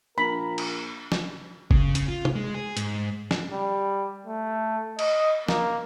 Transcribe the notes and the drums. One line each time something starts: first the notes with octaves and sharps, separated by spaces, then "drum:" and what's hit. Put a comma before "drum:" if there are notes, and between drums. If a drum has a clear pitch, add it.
A#1 A#4 B5
drum: cymbal
drum: snare
C#3, drum: kick G1
C#3, drum: hi-hat
F4
drum: tom
G#3
G#4
G#2, drum: hi-hat
drum: snare
G3
A3
D#5, drum: cymbal
A#3, drum: snare